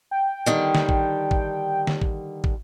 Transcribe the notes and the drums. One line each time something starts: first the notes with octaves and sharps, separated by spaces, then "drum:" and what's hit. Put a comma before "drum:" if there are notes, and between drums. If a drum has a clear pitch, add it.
G5
D3 D#3 G3
drum: snare
drum: kick
drum: kick
drum: snare
drum: kick
drum: kick